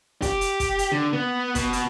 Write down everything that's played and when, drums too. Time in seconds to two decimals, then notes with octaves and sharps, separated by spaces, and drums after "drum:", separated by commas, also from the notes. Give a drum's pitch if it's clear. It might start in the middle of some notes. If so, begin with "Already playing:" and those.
0.22 G4, drum: kick, hi-hat
0.41 drum: hi-hat
0.60 drum: kick, hi-hat
0.79 drum: hi-hat
0.92 D3
1.13 B3
1.55 B2, drum: kick, hi-hat
1.73 drum: hi-hat